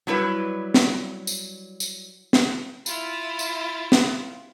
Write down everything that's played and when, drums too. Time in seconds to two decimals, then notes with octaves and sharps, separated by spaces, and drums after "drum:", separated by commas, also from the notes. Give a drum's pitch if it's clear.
0.07 F#3 G3 E4 B4
0.74 drum: snare
1.27 drum: tambourine
1.80 drum: tambourine
2.33 drum: snare
2.86 E4 F4, drum: tambourine
3.39 drum: tambourine
3.92 drum: snare